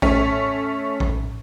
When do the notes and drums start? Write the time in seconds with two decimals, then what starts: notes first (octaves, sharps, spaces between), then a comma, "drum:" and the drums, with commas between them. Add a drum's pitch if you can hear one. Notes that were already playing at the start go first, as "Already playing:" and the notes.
0.02 A3 C#4, drum: kick A1
1.00 drum: kick A1